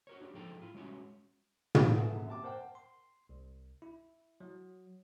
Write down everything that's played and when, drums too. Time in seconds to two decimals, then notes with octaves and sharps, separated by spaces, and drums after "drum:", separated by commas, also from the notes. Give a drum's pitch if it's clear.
0.07 F#4 A#4 C#5
0.21 D4 F#4 G4
0.34 G#2 F3 G#4 A4 G5 A#5
0.62 E4 F4
0.74 G3 G#3 C#4 F#4 C#5 E5
1.75 drum: tom
1.94 G#4 A4 B4 E5 F#5 A5
2.15 F#2
2.27 C3 E5 A5 D6
2.43 A#4 C5 F#5 G5 A5
2.75 C6
3.29 C2
3.82 E4
4.40 F#3